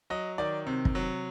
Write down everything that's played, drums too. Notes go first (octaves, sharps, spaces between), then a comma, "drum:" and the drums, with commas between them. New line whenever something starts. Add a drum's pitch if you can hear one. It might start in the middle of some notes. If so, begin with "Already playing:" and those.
F#3 D#5
D#3 D5
C3
drum: kick
F#3